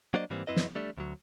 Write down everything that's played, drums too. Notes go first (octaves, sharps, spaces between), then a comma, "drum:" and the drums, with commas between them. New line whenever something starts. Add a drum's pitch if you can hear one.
F#3 A#3 D4 C5 D5 D#5
G#2 E3 G3 A#3 C4
F#2 C4 E4 B4 D#5
drum: snare
G3 A3 D4
D2 F#3